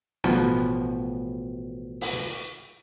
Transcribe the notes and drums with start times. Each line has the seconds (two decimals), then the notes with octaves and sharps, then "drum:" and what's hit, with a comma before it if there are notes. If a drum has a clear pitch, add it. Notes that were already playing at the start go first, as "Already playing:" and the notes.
0.24 A1 B2 F3 B3 F#5, drum: snare
2.01 drum: open hi-hat